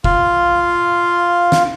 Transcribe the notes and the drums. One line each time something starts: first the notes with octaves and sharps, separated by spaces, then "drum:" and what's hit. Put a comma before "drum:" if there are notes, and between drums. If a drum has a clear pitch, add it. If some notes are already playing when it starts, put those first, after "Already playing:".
F4 F5, drum: kick
drum: snare